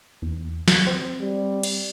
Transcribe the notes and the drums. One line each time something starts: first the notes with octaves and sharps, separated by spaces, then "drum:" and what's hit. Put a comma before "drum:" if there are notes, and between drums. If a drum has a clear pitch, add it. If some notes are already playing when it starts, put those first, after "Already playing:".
E2
drum: snare
C4
G3
drum: cymbal